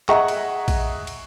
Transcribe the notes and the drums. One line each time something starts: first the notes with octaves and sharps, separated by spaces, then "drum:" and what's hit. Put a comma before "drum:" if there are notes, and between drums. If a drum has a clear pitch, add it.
G#4 D#5 E5 F#5 A#5 C#6, drum: clap
drum: cymbal
drum: kick, cymbal
drum: cymbal